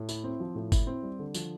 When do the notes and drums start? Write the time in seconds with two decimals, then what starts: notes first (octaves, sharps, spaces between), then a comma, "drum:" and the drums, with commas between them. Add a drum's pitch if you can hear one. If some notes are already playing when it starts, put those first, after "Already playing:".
Already playing: A2
0.09 E4, drum: tambourine
0.24 C4
0.40 F3
0.55 A2
0.72 E4, drum: kick G1, tambourine
0.87 C4
1.02 G3
1.19 D3
1.34 F3, drum: tambourine